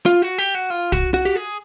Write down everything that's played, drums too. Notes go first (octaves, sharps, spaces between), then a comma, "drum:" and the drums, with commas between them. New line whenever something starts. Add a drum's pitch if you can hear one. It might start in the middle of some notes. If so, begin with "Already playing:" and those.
F4
F#4
G4
F#4
F4
F#4, drum: kick
F#4
G4
G#4